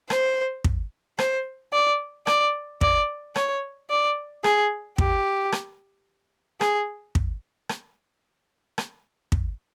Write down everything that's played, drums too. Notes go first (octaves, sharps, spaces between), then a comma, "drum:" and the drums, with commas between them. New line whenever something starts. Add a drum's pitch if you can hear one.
C5, drum: rim click
drum: kick
C5, drum: rim click
D5
D5, drum: rim click
D5, drum: kick
C#5, drum: rim click
D5
G#4, drum: rim click
G4, drum: kick
drum: rim click
G#4, drum: rim click
drum: kick
drum: rim click
drum: rim click
drum: kick